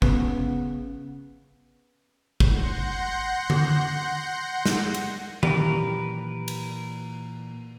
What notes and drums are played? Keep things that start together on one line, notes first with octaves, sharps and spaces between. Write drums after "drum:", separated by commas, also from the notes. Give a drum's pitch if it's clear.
C#3 B3, drum: kick
F#5 C6 G6 A#6 C#7, drum: kick
drum: tom D3
drum: snare
drum: cymbal
A#2 E3 F#3 G4 A#4 B4 D5 G5, drum: tom D#3
drum: cymbal